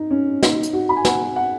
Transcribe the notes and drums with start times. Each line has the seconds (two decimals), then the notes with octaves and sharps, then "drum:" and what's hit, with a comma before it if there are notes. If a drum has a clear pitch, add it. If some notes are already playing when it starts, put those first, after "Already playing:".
Already playing: D#4
0.11 C#4
0.43 D#4, drum: snare
0.63 drum: hi-hat
0.73 F#4
0.89 B5
0.97 G#5
1.05 F#5, drum: snare
1.36 F#5